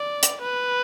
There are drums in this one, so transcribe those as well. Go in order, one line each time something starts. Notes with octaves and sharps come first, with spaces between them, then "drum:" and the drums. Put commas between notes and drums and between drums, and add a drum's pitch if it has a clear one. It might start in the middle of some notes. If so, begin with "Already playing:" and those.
Already playing: D5
drum: hi-hat
B4